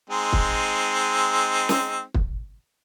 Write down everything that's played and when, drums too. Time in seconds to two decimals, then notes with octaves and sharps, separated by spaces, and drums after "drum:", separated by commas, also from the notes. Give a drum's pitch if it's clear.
0.10 G#3 C4 D#4
0.33 drum: kick
1.69 drum: snare
2.14 drum: kick